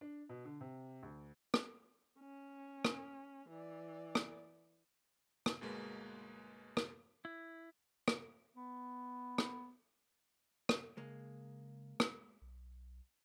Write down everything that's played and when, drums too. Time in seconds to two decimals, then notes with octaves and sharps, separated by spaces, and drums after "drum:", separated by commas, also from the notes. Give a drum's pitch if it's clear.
0.01 D4
0.29 B2
0.45 D3
0.61 C3
1.03 D2
1.54 drum: rim click
2.19 C#4
2.85 drum: rim click
3.49 E3 D5
4.15 drum: rim click
5.46 drum: rim click
5.61 G1 B2 G#3 A#3 B4
6.77 drum: rim click
7.25 E4
8.08 drum: rim click
8.56 B3
9.38 drum: rim click
10.69 drum: rim click
10.97 C#3 G#3 A#3
12.00 drum: rim click
12.42 B1